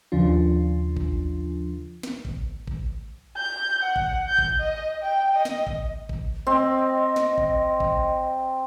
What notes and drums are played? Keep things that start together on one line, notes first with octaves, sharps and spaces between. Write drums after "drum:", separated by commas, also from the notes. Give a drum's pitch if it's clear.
D#2 C#3 F3 D4 F4
drum: kick
drum: snare
drum: kick
drum: kick
G6
F#5
drum: kick
G6
drum: kick
D#5
G5
D#5
drum: snare
drum: kick
drum: kick
C4 D#5
drum: snare
drum: kick
drum: kick